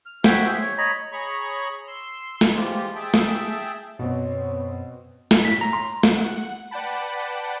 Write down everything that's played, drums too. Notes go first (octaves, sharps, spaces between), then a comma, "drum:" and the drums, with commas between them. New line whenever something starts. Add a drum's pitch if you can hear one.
F6
F#4 C5 E5 G5 G#5, drum: snare
G4 G#4 C5 E5
C#5
C#5 D#5 A#5 B5
G#4 C#5 A#5 B5 C#6
C6 E6
drum: snare
E3 F3 G3 G#3 F4 G4
G#4 E5 G5 A5
drum: snare
F#2 B2 B3 C4 C#5
drum: snare
A2 B6
A#5
C6
drum: snare
F#5
B4 D5 F#5 G5 A5 B5